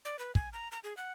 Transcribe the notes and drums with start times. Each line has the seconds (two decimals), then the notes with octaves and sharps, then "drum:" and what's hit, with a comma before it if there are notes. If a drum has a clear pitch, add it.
0.05 D5
0.19 B4
0.35 G#5, drum: kick
0.53 A#5
0.72 A#5
0.84 G#4
0.97 F#5